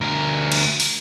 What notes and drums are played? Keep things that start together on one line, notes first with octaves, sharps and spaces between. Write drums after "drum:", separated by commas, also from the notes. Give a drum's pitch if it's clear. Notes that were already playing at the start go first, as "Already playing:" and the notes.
D2 A#4
drum: cymbal
drum: open hi-hat